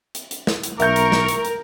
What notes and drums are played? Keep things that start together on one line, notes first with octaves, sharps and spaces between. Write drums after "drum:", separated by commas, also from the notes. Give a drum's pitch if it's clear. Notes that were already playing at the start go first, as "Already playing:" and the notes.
drum: hi-hat
drum: hi-hat
drum: snare
drum: hi-hat
B1 A#4 E5 C#6 G6, drum: hi-hat
drum: hi-hat
drum: snare
drum: hi-hat
drum: hi-hat